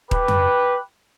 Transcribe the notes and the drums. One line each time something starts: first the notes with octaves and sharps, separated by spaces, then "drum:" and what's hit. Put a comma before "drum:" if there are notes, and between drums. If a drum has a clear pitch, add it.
G4 B4, drum: kick D#1
drum: tom F2